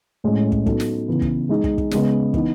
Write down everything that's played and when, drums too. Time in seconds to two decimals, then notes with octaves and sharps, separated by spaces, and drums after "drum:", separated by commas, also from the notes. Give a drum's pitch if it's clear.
0.24 A2 G#3 C#4
0.52 drum: kick
0.66 F#3 B3 D#4 A4, drum: kick
0.80 drum: snare
1.08 C#3 E3 B3 E4
1.22 drum: kick
1.49 G#3 D#4 G#4
1.64 drum: kick
1.78 drum: kick
1.91 C#3 G#3 B3, drum: snare
2.34 E3 B3 D#4, drum: kick